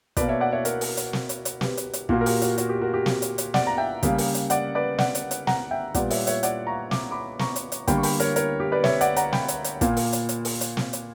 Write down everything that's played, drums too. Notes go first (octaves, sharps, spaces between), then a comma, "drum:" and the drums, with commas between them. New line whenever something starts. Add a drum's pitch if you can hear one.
B2 A#3 B4 D5, drum: kick, hi-hat
C#5 E5
D5 F#5
C#5 E5
A#4 C#5, drum: hi-hat
drum: open hi-hat
drum: hi-hat
drum: snare
drum: hi-hat
drum: hi-hat
G4 B4, drum: snare
drum: hi-hat
drum: hi-hat
A#2 A#3 F#4, drum: kick
A#4
G4, drum: open hi-hat
F#4, drum: hi-hat
F#4, drum: hi-hat
G4
F#4 A#4
G4
drum: snare
drum: hi-hat
drum: hi-hat
D5 F#5, drum: snare
A#5
E5 G5
C#3 G3 A#3, drum: kick, hi-hat
drum: open hi-hat
drum: hi-hat
D5 F#5, drum: hi-hat
B4 D5
D5 F#5, drum: snare
drum: hi-hat
drum: hi-hat
F#5 A#5, drum: snare
E5 G5
A#2 G3 B3 D5 F#5, drum: kick, hi-hat
C#5 E5, drum: open hi-hat
C#5 E5, drum: hi-hat
D5 F#5, drum: hi-hat
A#5 C#6
D6, drum: snare
B5 D6
A#5 C#6, drum: snare
drum: hi-hat
drum: hi-hat
D3 G3 A#3 G5 B5, drum: kick, hi-hat
C#6
G5 B5, drum: open hi-hat
A#4 C#5, drum: hi-hat
A#4 C#5, drum: hi-hat
G4
B4 D5
C#5 E5, drum: snare
D5 F#5, drum: hi-hat
F#5 A#5, drum: hi-hat
G5 B5, drum: snare
drum: hi-hat
drum: hi-hat
A#2 A#3, drum: kick, hi-hat
drum: open hi-hat
drum: hi-hat
drum: hi-hat
drum: open hi-hat
drum: hi-hat
drum: snare
drum: hi-hat